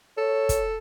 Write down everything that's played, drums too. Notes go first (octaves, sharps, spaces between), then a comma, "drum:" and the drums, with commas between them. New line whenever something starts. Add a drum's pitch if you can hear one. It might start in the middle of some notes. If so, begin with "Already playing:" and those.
A4 C#5
drum: kick, hi-hat